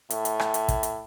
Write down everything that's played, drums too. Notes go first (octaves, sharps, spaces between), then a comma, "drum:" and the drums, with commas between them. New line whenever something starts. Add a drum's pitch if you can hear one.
A2, drum: hi-hat
drum: hi-hat
drum: rim click
drum: hi-hat
drum: kick, hi-hat
drum: hi-hat